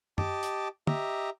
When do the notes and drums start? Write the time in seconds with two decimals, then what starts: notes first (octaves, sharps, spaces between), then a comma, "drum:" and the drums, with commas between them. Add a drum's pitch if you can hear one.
0.18 G4 D#5 A5 D6, drum: tom
0.43 drum: hi-hat
0.87 G4 D#5 E5 A#5, drum: tom